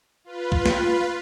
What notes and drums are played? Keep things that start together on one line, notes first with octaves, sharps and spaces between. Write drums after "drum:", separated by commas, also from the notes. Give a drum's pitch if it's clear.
F4 B4
drum: kick
drum: snare